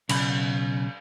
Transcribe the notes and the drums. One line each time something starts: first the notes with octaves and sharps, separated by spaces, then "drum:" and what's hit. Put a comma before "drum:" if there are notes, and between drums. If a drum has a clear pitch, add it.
B1 C#3 B5, drum: cymbal